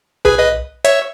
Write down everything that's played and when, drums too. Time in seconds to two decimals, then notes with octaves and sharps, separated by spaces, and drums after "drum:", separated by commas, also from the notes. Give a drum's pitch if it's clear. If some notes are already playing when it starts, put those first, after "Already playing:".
0.25 G#4 B4, drum: tom B1
0.39 B4 D#5
0.85 C#5 E5, drum: hi-hat